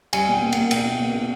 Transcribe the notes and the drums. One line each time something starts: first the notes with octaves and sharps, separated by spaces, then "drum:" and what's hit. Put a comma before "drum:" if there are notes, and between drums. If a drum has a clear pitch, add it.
G3 G#5, drum: cymbal
B2 G5
A#3
A#3 F#5, drum: cymbal
B2 G5, drum: cymbal
B2
A#3
B2